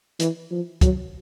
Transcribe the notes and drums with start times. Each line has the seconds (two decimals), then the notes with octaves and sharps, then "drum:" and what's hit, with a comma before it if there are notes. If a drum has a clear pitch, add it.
0.20 E3, drum: hi-hat
0.51 F3
0.81 F#3, drum: kick, hi-hat